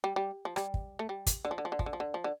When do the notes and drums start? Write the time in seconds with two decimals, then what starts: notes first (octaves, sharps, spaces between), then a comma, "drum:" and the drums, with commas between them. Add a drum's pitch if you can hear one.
0.04 G3
0.16 G3
0.45 F3
0.56 G3, drum: rim click
0.74 drum: kick
0.99 A3
1.09 G3
1.26 drum: kick, hi-hat
1.45 D3
1.51 F3
1.58 D3
1.65 F3
1.72 D3
1.79 F3, drum: kick
1.86 D3
1.93 F3
2.00 D3
2.14 F3
2.24 D3